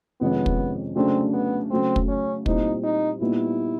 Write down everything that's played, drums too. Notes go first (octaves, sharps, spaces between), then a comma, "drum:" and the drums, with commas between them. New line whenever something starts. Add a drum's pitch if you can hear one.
F2 C3 D#3 G#3 B3 C#4
drum: kick
C#3 F#3 A3 C4 D4
B3
C#3 F#3 A3 C4
drum: kick
C#4
A#2 G3 C4 D#4 E4, drum: kick
D#4
A#2 G3 B3 D#4 E4